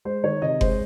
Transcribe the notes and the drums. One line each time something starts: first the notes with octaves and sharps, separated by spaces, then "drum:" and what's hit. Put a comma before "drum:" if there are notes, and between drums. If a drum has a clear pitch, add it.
G#3 C5
D#3 C#5
C3 D#5
G#3 C5, drum: kick F#1